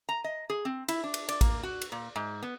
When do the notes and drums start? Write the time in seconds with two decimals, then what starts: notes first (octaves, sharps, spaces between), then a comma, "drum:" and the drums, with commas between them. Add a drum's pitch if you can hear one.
0.09 A#5
0.24 D#5
0.50 G#4
0.65 C4
0.88 E4, drum: cymbal
1.03 D4
1.14 drum: cymbal
1.29 D5, drum: cymbal
1.41 A#3, drum: kick A1, cymbal
1.63 F#4
1.82 drum: cymbal
1.92 A#2
2.16 G#2
2.43 B3